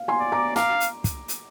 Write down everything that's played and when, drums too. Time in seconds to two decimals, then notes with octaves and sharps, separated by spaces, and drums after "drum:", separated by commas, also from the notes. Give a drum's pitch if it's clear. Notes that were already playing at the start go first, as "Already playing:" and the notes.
Already playing: F5
0.08 G#5 C6
0.20 D5
0.32 A#5 D6
0.56 F5 A#5 D6, drum: snare
0.80 drum: hi-hat
1.04 drum: kick, hi-hat
1.28 drum: hi-hat